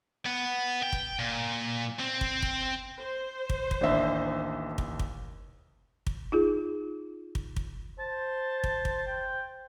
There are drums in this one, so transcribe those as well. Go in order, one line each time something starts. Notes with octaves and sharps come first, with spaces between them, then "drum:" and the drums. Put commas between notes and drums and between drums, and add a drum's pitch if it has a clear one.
B3
G5
drum: kick
A#2
C4
drum: kick
drum: kick
C5
drum: kick
drum: kick
A1 D#2 D4 E5
drum: kick
drum: kick
drum: kick
D#4 F4 G#4
drum: kick
drum: kick
C5 A5
drum: kick
drum: kick
G5